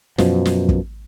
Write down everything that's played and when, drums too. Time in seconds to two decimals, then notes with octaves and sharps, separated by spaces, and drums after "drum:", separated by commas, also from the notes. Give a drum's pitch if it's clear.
0.18 F#2 B2 F3, drum: snare
0.45 drum: snare
0.69 drum: kick